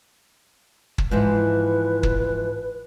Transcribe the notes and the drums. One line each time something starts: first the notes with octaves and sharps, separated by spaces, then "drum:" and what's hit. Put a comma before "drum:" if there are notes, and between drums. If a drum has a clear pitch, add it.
drum: kick
G#2 E3 F3 B4
drum: kick